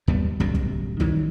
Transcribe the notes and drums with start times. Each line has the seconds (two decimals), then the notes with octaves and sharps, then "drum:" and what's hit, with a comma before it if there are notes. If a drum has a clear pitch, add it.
0.08 D#2 G3 B3
0.40 D1 F#2 B2 G3, drum: kick
0.54 drum: kick
1.00 D#3 E3 F#3 G3, drum: kick